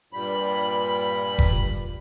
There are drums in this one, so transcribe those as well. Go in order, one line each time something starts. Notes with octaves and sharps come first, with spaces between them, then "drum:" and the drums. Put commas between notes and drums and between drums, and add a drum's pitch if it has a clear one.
G2 A#2 G3 B5
drum: kick F1